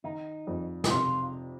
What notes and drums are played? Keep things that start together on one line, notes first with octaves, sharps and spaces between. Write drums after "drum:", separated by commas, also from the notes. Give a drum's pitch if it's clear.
D#3 D#4
F2
G4, drum: snare
C3 F4